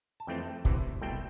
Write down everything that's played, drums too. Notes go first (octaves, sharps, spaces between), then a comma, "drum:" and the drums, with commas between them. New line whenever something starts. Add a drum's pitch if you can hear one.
A5
F2 E3 A3 C4 G5
D2 C3 E3, drum: kick
C2 B2 A3 C4 G5